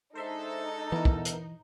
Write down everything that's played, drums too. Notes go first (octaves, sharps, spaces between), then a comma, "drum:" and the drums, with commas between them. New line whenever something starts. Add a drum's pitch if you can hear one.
G#3 D4 D#4 A4 C5 E5 C6
E3 B3 E4 A#4
drum: kick
drum: hi-hat